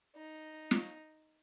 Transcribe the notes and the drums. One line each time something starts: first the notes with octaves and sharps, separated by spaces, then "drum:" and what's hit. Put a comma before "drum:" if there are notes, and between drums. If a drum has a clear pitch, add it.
D#4
drum: snare